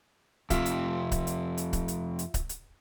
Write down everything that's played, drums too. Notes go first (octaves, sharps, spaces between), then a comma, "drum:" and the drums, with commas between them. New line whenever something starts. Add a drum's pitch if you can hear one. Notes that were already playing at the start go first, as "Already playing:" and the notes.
F2 C3 F4 E5, drum: kick C#1, hi-hat
drum: hi-hat
drum: kick C#1, hi-hat
drum: hi-hat
drum: hi-hat
drum: kick C#1, hi-hat
drum: hi-hat
drum: hi-hat
drum: kick C#1, hi-hat
drum: hi-hat